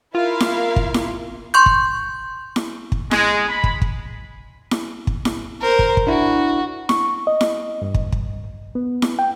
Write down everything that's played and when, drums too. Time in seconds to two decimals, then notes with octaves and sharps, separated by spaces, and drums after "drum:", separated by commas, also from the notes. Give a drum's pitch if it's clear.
0.15 E4 F4 A#4 F5
0.40 drum: snare E4
0.76 drum: kick
0.94 drum: snare E4
1.54 C6 C#6 G6
1.66 drum: kick
2.56 drum: snare E4
2.92 drum: kick
3.11 G#3, drum: snare E4
3.49 B5
3.64 drum: kick
3.82 drum: kick
4.71 drum: snare E4
5.07 drum: kick
5.25 drum: snare E4
5.61 A#4 C5
5.79 drum: kick
5.97 drum: kick
6.07 D4 E4 F#4
6.89 C#6, drum: snare E4
7.27 D#5
7.41 drum: snare E4
7.82 G2
7.94 drum: kick
8.12 drum: kick
8.75 B3
9.02 drum: snare E4
9.19 G5